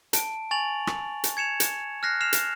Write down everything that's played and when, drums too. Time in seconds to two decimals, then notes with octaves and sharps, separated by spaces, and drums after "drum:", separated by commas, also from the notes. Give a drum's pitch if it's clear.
0.13 A5 D7, drum: hi-hat
0.51 G#5 C#6 A6 F7 F#7
0.87 drum: rim click
1.24 drum: hi-hat
1.37 G#6 C#7 E7 F7
1.60 drum: hi-hat
2.03 F6 F#6 A#6 C7
2.21 F6 C7 E7 F7
2.33 drum: hi-hat